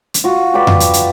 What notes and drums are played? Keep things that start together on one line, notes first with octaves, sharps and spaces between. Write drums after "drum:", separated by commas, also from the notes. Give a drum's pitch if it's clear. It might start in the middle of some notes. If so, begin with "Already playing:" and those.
drum: hi-hat
F4 F#4
G4 B4 D5 B5
drum: tom F2
drum: hi-hat
drum: hi-hat